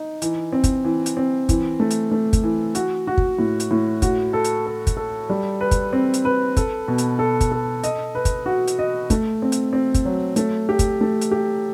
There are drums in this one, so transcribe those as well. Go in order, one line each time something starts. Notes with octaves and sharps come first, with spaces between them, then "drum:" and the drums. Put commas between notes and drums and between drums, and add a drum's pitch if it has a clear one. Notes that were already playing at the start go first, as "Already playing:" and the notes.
Already playing: D#4
E3, drum: hi-hat
C4
drum: kick, hi-hat
E3
drum: hi-hat
C4
E3, drum: kick, hi-hat
A3
drum: hi-hat
A3
drum: kick, hi-hat
E3
F#4, drum: hi-hat
F#4
drum: kick
A2
drum: hi-hat
A2
F#4, drum: kick, hi-hat
A4
drum: hi-hat
A4
drum: kick, hi-hat
A4
G3
B4
drum: kick, hi-hat
C4
drum: hi-hat
B4
A4, drum: kick, hi-hat
B2
drum: hi-hat
A4
drum: kick, hi-hat
A4
D#5, drum: hi-hat
B4
drum: kick, hi-hat
F#4
drum: hi-hat
D#5
A3, drum: kick, hi-hat
C4
drum: hi-hat
C4
drum: kick, hi-hat
F#3
A3, drum: hi-hat
G4
drum: kick, hi-hat
A3
drum: hi-hat
G4